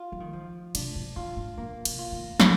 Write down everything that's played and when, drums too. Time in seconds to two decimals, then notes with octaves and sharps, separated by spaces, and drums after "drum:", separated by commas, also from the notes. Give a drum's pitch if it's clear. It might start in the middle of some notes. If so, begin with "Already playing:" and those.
Already playing: F4
0.12 F3
0.20 D#3
0.33 F3
0.75 C3 D4, drum: cymbal
0.95 A#2
1.16 A2 F4
1.37 A2
1.58 A#2 A#3
1.85 C3, drum: cymbal
1.99 F4
2.12 D#3
2.40 D3 D#4, drum: snare